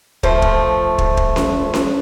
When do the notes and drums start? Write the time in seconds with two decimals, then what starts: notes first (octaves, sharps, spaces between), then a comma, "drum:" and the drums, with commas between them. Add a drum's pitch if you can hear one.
0.23 F3 A3 C5, drum: kick
0.42 drum: kick
0.98 drum: kick
1.17 drum: kick
1.36 drum: snare C#4
1.74 drum: snare C#4